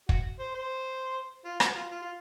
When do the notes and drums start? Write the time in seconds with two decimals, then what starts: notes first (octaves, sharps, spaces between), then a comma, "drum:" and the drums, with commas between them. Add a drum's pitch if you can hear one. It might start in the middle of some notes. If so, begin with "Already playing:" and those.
0.09 F#4, drum: kick
0.40 C5
0.54 C5
1.45 F4
1.60 F#4, drum: rim click
1.75 F4
1.91 F4
2.02 F4